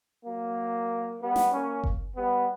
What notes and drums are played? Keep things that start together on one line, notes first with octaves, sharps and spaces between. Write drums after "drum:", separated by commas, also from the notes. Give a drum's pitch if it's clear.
F#3 A#3
G3 B3
drum: snare
A#3 C#4
drum: kick F#1
G3 B3